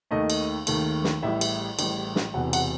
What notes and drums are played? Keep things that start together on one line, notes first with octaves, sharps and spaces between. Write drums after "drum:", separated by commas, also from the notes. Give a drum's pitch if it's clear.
D#2 D#3 A3 D#5
drum: cymbal
D#2 D#3 A3, drum: cymbal
drum: snare
A1 A2 E3 G3 E5
drum: cymbal
A1 A2 E3 G3, drum: cymbal
drum: snare
E1 E2 C3 F#5
F#5, drum: cymbal